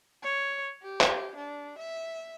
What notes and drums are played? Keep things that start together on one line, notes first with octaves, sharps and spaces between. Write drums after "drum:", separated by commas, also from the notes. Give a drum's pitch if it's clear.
C#5
G4
drum: clap
D4
E5